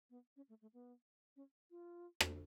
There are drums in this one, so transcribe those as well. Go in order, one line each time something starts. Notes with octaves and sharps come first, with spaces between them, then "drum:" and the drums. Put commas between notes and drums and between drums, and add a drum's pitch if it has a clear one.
B3
C#4
A3
A3
B3
C#4
F4
drum: rim click